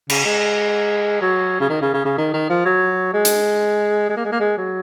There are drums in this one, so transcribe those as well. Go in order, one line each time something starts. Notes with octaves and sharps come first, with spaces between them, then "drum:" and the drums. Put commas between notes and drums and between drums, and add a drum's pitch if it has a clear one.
C#3, drum: cymbal
G#3
F#3
C#3
D#3
C#3
C#3
C#3
D#3
D#3
F3
F#3
G#3
drum: hi-hat
G#3
A#3
G#3
A#3
G#3
F#3